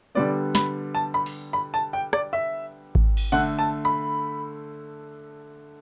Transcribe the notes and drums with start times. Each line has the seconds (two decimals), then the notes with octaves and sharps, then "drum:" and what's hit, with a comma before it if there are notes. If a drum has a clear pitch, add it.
0.15 D3 G3 B3 D5
0.55 B5, drum: snare
0.95 A5
1.14 B5
1.26 drum: open hi-hat
1.53 B5
1.74 A5
1.93 G5
2.13 D5, drum: rim click
2.33 E5
2.95 drum: kick G#1
3.17 drum: cymbal
3.32 D3 A3 F#5
3.59 A5
3.85 B5